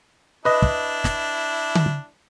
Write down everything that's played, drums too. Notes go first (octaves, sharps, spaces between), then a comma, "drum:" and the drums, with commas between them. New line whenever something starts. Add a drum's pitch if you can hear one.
D4 E4 B4 D#5
drum: kick
drum: snare
drum: tom D3